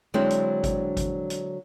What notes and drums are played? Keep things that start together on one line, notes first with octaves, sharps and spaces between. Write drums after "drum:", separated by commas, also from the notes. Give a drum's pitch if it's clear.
D3 F#3 G#3 C4 D4 E4
drum: hi-hat
drum: kick G#1, hi-hat
drum: kick G#1, hi-hat
drum: hi-hat